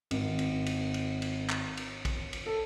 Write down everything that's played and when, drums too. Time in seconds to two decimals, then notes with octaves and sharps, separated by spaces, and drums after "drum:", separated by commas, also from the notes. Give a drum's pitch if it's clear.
0.11 G#1, drum: cymbal
0.39 drum: cymbal
0.66 drum: cymbal
0.94 drum: cymbal
1.22 drum: cymbal
1.50 drum: clap
1.77 drum: cymbal
2.05 drum: kick, cymbal
2.33 drum: cymbal
2.46 A4